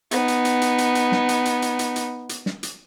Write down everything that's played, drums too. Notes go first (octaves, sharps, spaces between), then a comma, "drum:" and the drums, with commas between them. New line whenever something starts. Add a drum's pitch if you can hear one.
B3 D#4, drum: hi-hat
drum: hi-hat
drum: hi-hat
drum: hi-hat
drum: hi-hat
drum: hi-hat
drum: snare
drum: hi-hat
drum: hi-hat
drum: hi-hat
drum: hi-hat
drum: hi-hat
drum: hi-hat
drum: snare
drum: hi-hat